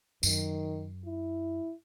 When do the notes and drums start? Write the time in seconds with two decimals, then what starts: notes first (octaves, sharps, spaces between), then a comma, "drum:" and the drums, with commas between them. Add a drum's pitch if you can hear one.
0.23 F#2 D#3, drum: tambourine
1.06 E4